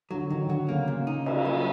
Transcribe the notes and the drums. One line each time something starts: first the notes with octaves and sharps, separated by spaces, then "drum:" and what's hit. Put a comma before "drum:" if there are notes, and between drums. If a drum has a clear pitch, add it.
D3 F#3
D#3 F#3
D3 F#3
C#3 A#3
A#2
D#4
A#3, drum: cymbal
F#3